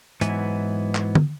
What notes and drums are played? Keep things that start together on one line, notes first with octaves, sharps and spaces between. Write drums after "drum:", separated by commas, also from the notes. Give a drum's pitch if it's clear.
G#2 E3 F#3 B3 E4 G#5, drum: hi-hat
drum: clap
drum: tom D3